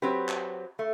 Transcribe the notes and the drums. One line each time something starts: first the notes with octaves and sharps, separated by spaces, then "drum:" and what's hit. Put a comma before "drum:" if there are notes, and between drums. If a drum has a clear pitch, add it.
F#3 C4 G4 B4
drum: clap
A3